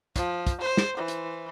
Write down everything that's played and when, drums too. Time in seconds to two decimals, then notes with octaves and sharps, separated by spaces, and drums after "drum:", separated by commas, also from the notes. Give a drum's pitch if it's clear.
0.16 F3, drum: kick, hi-hat
0.47 drum: kick, hi-hat
0.61 C5
0.77 drum: snare
0.97 E3
1.08 drum: hi-hat